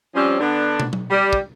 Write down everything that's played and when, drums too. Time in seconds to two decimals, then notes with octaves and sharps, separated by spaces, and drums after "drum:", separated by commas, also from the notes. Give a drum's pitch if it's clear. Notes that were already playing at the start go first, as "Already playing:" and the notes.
0.15 F3 G3 C4 C#4
0.40 D3 B3 D4
0.80 drum: tom
0.93 drum: tom
1.10 G3
1.33 drum: kick